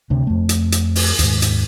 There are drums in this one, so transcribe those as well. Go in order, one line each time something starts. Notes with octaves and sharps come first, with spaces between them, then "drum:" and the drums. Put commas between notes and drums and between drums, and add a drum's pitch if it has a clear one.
D2 C3 D4
F2 A3
drum: hi-hat
drum: hi-hat
drum: open hi-hat
D#2 G#2, drum: hi-hat
drum: hi-hat